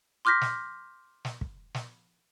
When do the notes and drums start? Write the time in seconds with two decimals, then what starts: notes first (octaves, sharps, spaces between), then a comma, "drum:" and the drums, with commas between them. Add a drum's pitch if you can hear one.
0.25 C6 D6 F6 G6 A#6 B6
0.41 drum: snare
1.25 drum: snare
1.41 drum: kick
1.75 drum: snare